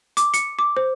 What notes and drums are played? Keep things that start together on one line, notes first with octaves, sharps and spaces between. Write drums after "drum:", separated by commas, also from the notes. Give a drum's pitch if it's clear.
D6, drum: hi-hat
C#7, drum: hi-hat
D6
C5